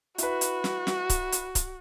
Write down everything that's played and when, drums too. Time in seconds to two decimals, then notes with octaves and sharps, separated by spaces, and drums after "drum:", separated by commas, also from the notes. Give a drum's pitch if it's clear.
0.18 E4 F#4 B4, drum: hi-hat
0.41 drum: hi-hat
0.64 drum: snare
0.87 drum: snare
1.10 drum: kick C#1, hi-hat
1.32 drum: hi-hat
1.55 drum: kick C#1, hi-hat